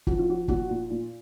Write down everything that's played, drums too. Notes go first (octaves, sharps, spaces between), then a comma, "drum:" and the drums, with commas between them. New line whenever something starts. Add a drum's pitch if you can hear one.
F3 F#4, drum: kick
F4
F3 F#4
A#2 F#4, drum: kick
A#2
A#2